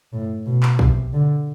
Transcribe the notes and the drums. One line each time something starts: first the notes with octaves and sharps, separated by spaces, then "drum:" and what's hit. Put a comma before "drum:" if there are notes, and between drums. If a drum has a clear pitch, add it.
A2
B2
drum: clap
C3, drum: kick
D3